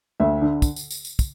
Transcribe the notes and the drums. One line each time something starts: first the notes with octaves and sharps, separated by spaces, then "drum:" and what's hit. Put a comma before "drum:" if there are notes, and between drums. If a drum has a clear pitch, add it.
D2 E5
D3
drum: kick, tambourine
drum: tambourine
drum: tambourine
drum: tambourine
drum: kick, tambourine